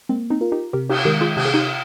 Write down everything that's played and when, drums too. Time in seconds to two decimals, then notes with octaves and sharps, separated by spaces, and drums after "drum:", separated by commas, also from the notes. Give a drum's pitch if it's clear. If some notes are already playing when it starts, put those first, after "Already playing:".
0.09 G#3 A#3 C4
0.30 C4 D#4
0.41 F4 A#4
0.52 D#4 G4
0.73 C3 G4 A#4
0.89 D#4 G4, drum: cymbal
1.05 D#3 G#3 G4 A#4
1.21 F4 G#4
1.37 C3 G4, drum: cymbal
1.45 G#4
1.54 D#4 G4